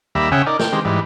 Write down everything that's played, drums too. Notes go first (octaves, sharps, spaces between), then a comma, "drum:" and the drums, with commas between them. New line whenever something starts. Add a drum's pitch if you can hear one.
D#2 G3 E5 A#5 B5
C#3 C#4 G#4 E5 F#5 G5
D#4 A#4 D5
G5, drum: snare
D#3 G#3 C4 G4
G#2 E3 G3